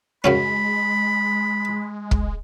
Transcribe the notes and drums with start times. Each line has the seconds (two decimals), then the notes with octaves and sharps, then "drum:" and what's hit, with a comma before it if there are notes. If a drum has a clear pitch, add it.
0.24 F#2 C#3 G#3 C#4 B5
2.11 drum: kick